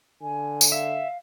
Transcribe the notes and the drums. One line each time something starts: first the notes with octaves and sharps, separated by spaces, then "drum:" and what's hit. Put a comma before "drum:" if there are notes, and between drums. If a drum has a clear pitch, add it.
D3 G#5
drum: tambourine
E5 F5